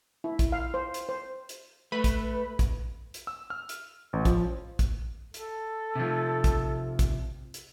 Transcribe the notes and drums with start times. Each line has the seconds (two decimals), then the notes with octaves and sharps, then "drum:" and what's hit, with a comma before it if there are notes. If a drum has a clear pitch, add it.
0.24 E4
0.39 drum: kick, hi-hat
0.52 F5
0.74 C5
0.94 drum: hi-hat
1.09 C5
1.49 drum: hi-hat
1.92 A3 B4 B5
2.04 drum: kick, hi-hat
2.59 drum: kick, hi-hat
3.14 drum: hi-hat
3.27 E6
3.50 F6
3.69 drum: hi-hat
4.13 A1
4.25 F3, drum: kick, hi-hat
4.79 drum: kick, hi-hat
5.34 A4, drum: hi-hat
5.95 C3 F3
6.44 drum: kick, hi-hat
6.99 drum: kick, hi-hat
7.54 drum: hi-hat